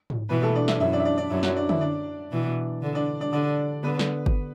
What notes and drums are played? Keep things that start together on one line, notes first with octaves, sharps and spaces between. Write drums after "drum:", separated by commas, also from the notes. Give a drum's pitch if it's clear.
drum: tom G#2
B2 E3 B3 B4
A3 A4
D4 D5
E4 E5, drum: snare
F#2 E4 E5
D4 D5
E5
D4 D5
D4 D5
F#2 E4
F#3 F#4, drum: snare
D4 D5
E4 E5, drum: tom D3
D4 D5
B2 E3
D3
D4 D5
D4 D5
D3 D4 D5
D3 B3 B4
drum: snare
drum: kick G1